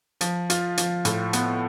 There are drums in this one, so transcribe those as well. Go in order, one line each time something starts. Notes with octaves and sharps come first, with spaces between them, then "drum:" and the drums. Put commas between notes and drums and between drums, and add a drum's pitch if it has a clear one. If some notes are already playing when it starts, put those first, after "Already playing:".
F3, drum: hi-hat
F4, drum: hi-hat
F3, drum: hi-hat
A2, drum: hi-hat
B3, drum: hi-hat